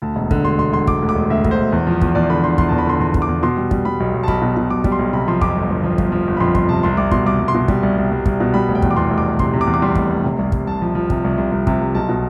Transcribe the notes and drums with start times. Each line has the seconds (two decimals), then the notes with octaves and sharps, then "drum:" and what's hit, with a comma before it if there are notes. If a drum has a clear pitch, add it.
0.02 D2 A5
0.16 E1
0.31 D3, drum: kick
0.45 E1 C6
0.58 E1 C6
0.73 E1 C6
0.87 E1 D6, drum: kick
1.02 D2
1.09 D6
1.15 E1
1.30 D2 E5
1.44 D2, drum: kick
1.51 C5
1.59 E1
1.72 E2
1.87 F3
2.01 E2, drum: kick
2.15 E2 D5
2.30 D3 B5
2.43 D3 C6
2.58 E2 C6, drum: kick
2.69 A5
2.72 E2
2.78 B5
2.86 D3 C6
3.00 E2 C6
3.14 E2, drum: kick
3.22 D6
3.29 E2
3.43 B2 C6
3.57 G3
3.71 G3, drum: kick
3.85 G3 B5
4.00 B1
4.14 B1
4.23 A5
4.28 B1 B5, drum: kick
4.42 B2
4.57 B2
4.70 B1 D6
4.84 G3, drum: kick
4.92 C6
4.99 B1
5.13 C3 B5
5.28 F3 C6
5.41 F2 D6, drum: kick
5.56 G1
5.70 G1
5.84 F3
5.98 G1, drum: kick
6.12 F3
6.27 G1
6.37 B5
6.40 F2 C6
6.55 G1 C6, drum: kick
6.69 C3 A5
6.83 C2 C6
6.97 C2 D6
7.11 B2 C6, drum: kick
7.26 C2 D6
7.40 C2
7.48 C6
7.54 B2
7.68 G3, drum: kick
7.83 C2
7.98 C2
8.11 C2
8.26 C2, drum: kick
8.40 B2
8.54 G3 B5
8.68 F1
8.75 G5
8.82 E2, drum: kick
8.91 D6
8.97 E2 C6
9.10 F1
9.18 D6
9.25 F1
9.39 C3 C6, drum: kick
9.53 C3
9.61 D6
9.67 E2
9.74 D6
9.82 G3 C6
9.95 F1, drum: kick
10.10 F1
10.24 C3
10.39 C2
10.52 C2, drum: kick
10.67 C2 A5
10.82 F3
10.95 F3
11.10 C3, drum: kick
11.24 C2
11.38 C2
11.52 C2
11.67 C3, drum: kick
11.81 C2
11.95 B1 A5
12.09 B2